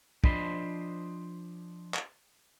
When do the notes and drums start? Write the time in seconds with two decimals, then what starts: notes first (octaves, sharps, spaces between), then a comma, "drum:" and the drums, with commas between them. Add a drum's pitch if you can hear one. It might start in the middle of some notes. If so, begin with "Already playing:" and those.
0.24 F3 D4 C5 D#5 B5 C6, drum: kick
1.94 drum: clap